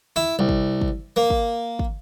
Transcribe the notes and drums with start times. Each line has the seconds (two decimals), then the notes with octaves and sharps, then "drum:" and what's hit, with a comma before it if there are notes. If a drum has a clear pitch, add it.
0.16 E4
0.39 C2
0.49 drum: kick
0.81 drum: kick
1.16 A#3
1.30 drum: kick
1.79 drum: kick